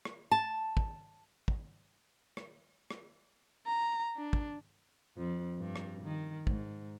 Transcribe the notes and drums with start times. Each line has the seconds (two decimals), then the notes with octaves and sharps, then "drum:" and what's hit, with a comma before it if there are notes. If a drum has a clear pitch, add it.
0.05 drum: rim click
0.31 A5
0.77 drum: kick
1.48 drum: kick
2.37 drum: rim click
2.90 drum: rim click
3.66 A#5
4.17 D4
4.33 drum: kick
5.18 F2
5.59 G2
5.76 drum: rim click
6.04 D#3
6.47 G#2, drum: kick